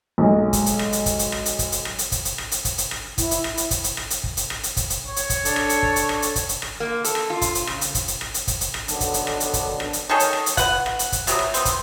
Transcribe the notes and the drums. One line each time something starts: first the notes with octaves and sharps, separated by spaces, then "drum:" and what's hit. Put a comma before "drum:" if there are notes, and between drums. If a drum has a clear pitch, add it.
B1 G#3
drum: kick, hi-hat
drum: hi-hat
drum: rim click
drum: hi-hat
drum: kick, hi-hat
drum: hi-hat
drum: rim click
drum: hi-hat
drum: kick, hi-hat
drum: hi-hat
drum: rim click
drum: hi-hat
drum: kick, hi-hat
drum: hi-hat
drum: rim click
drum: hi-hat
drum: kick, hi-hat
drum: hi-hat
drum: rim click
E4, drum: kick, hi-hat
drum: hi-hat
drum: rim click
drum: hi-hat
drum: kick, hi-hat
drum: hi-hat
drum: rim click
drum: hi-hat
drum: kick
drum: hi-hat
drum: rim click
drum: hi-hat
drum: kick, hi-hat
drum: hi-hat
C#5
drum: hi-hat
drum: kick, hi-hat
D4 A4, drum: hi-hat
drum: rim click
drum: hi-hat
drum: kick
drum: hi-hat
drum: rim click
drum: hi-hat
drum: kick, hi-hat
drum: hi-hat
drum: rim click
A#3
A4, drum: hi-hat
drum: rim click
F4
drum: kick, hi-hat
drum: hi-hat
C#3, drum: rim click
drum: hi-hat
drum: kick, hi-hat
drum: hi-hat
drum: rim click
drum: hi-hat
drum: kick, hi-hat
drum: hi-hat
drum: rim click
D3 D#3 F#3 B3 D4 A4, drum: hi-hat
drum: kick, hi-hat
drum: hi-hat
drum: rim click
drum: hi-hat
drum: kick, hi-hat
drum: rim click
drum: hi-hat
D#3 G#4 A4 C#5
drum: hi-hat
drum: rim click
drum: hi-hat
B4 F#5, drum: kick, hi-hat
drum: rim click
drum: hi-hat
drum: kick, hi-hat
C3 F#3 B3, drum: hi-hat
drum: rim click
B3 C4, drum: hi-hat
drum: kick, hi-hat